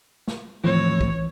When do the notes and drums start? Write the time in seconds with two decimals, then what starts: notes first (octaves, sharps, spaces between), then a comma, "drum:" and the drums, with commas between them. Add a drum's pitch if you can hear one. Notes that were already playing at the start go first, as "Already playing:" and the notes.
0.27 drum: snare
0.64 D#2 A2 E3 F3 C4 C#5
1.01 drum: kick